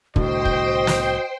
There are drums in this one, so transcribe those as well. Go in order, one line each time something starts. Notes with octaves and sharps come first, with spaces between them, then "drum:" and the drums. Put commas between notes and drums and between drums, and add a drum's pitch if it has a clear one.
C2 A2 D3 F#4 C5 D#5 G5 C6, drum: kick
drum: kick
drum: snare